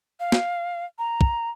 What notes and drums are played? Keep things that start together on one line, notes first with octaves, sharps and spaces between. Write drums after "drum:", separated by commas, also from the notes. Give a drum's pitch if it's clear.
F5
drum: snare
A#5
drum: kick